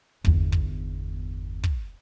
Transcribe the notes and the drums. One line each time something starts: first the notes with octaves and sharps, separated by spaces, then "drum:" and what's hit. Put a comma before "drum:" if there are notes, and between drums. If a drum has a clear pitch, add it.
G1 E2, drum: kick
drum: kick
drum: kick